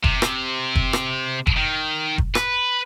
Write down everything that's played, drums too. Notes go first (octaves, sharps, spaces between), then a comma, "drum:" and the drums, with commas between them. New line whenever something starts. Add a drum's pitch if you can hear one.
C3, drum: kick
drum: rim click
drum: kick
drum: rim click
drum: kick
D#3
drum: kick
B4, drum: rim click